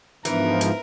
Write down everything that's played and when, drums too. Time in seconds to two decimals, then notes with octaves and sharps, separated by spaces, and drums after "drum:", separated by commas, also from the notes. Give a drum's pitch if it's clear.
0.25 G#2 E3 F3 B3 D4 A#4 B4, drum: hi-hat
0.61 drum: hi-hat